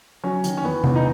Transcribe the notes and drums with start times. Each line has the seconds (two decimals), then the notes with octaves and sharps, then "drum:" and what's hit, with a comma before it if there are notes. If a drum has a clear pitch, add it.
0.24 F#3 C#4
0.44 D#3, drum: hi-hat
0.57 C#4
0.64 E2 B3
0.84 E2, drum: tom C3
0.96 D#4